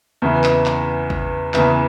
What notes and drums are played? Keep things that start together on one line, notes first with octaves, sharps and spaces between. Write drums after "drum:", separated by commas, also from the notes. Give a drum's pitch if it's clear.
E2 C#3 E3
drum: clap
drum: clap
drum: kick G#1
E2 C#3 E3, drum: clap